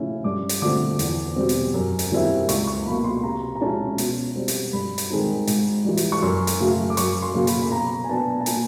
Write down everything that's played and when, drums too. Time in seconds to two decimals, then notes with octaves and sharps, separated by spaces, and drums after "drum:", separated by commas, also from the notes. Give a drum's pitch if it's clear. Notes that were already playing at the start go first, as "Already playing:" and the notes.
Already playing: C#3 F3 A3 C#4 E4
0.24 G2 D6
0.49 drum: hi-hat
0.62 D3 F3 A3 C4 D6
0.99 E2, drum: hi-hat
1.36 B2 G3 C4
1.49 drum: hi-hat
1.74 F#2
1.99 drum: hi-hat
2.11 D#3 G3 C4 E4
2.49 C#2 C#6, drum: hi-hat
2.67 C#6
2.86 B2 F#3 A#3 B5
3.04 C6
3.23 C3 A#5
3.55 A#5
3.61 F3 G#3 C#4 E4 A5
3.98 B2, drum: hi-hat
4.36 G3 C4
4.48 drum: hi-hat
4.73 G2 B5
4.98 drum: hi-hat
5.10 D#3 G#3 C4 D#4
5.47 G#2, drum: hi-hat
5.85 E3 G3
5.97 drum: hi-hat
6.12 C#6
6.23 F#2 C6
6.47 drum: hi-hat
6.60 C#3 F#3 A3
6.90 D6
6.97 F#2 C#6, drum: hi-hat
7.22 C6
7.34 C#3 F#3 A#3
7.47 B5, drum: hi-hat
7.62 B5
7.72 B2 A#5
8.04 G#5
8.09 F#3 B3 D4 A5
8.41 A5
8.46 A#2 G#5, drum: hi-hat